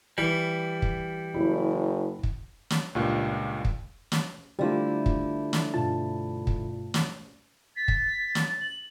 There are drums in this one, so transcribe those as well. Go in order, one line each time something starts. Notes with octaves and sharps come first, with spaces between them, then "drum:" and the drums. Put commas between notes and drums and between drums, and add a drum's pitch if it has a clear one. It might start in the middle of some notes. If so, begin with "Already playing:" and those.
E3 G3
drum: kick
F#1 E4
drum: kick
drum: snare
C#2 G2 A#2
drum: kick
drum: snare
D3 G3 A3 E4 F4 C5 D5
drum: kick
drum: snare
G2 B2 F4 A5
drum: kick
drum: snare
A6 B6
drum: kick
drum: snare
F#7